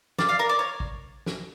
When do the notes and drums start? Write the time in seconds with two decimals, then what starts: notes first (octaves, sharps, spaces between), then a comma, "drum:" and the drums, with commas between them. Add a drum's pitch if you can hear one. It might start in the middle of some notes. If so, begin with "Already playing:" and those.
0.18 D5 F5, drum: snare
0.29 D5 F5
0.39 A#4 D5
0.49 D5
0.59 C#5
0.80 drum: kick
1.26 drum: snare